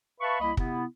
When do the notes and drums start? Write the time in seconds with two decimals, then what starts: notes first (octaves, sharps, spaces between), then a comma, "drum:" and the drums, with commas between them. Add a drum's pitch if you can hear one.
0.21 B4 E5 F5 A5 B5 C#6
0.41 C2 A#3 E4 D#5 B5
0.57 C3 B3 E4, drum: kick